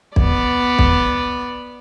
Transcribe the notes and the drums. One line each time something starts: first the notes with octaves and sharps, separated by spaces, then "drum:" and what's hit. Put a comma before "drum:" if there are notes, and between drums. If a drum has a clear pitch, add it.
B3 D5, drum: kick B1
drum: kick B1